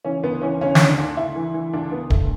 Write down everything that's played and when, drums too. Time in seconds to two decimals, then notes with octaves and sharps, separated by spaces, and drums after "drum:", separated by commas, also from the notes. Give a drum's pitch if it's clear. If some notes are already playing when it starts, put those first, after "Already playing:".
0.05 E3 C#4
0.23 D2 B3
0.42 E3 C#4
0.61 D2 C#4
0.75 D2 C#4, drum: snare
0.88 D4
0.98 D2
1.03 D4
1.17 D2 E4
1.36 E3
1.54 E3
1.73 D2 D4
1.91 D2 B3
2.10 D2 A3, drum: kick D1